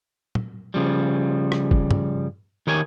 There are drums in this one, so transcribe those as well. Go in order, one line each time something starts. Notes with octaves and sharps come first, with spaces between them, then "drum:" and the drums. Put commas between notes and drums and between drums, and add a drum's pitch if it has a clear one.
drum: tom
C#3 F3 G3
drum: rim click
drum: kick
drum: tom
D#3 G4 A#4 C#5 G#5